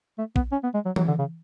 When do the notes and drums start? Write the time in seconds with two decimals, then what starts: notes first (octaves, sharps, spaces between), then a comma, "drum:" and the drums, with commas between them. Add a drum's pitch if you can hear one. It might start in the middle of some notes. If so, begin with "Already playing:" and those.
0.18 A3
0.36 B3, drum: kick A#1
0.52 C#4
0.63 B3
0.74 G#3
0.86 F#3
0.96 F#3, drum: tom E3
1.08 D3
1.19 C#3